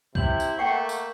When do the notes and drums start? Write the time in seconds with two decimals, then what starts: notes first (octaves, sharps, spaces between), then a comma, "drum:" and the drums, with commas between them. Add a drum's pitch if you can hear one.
0.15 C3 E4 G6 F#7, drum: kick C2
0.40 drum: tambourine
0.59 A3 A#3 F#5 G5 C#6
0.89 drum: tambourine